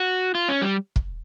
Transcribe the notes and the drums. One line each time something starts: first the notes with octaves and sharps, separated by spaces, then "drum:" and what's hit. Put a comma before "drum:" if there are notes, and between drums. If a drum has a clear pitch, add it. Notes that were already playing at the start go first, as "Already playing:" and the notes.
Already playing: F#4
F4
C#4
G3
drum: kick